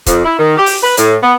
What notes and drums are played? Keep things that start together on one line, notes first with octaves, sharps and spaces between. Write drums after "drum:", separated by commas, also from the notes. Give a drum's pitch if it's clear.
F2, drum: kick, hi-hat
E4
D#3
G4
drum: open hi-hat
B4
A2, drum: hi-hat
B3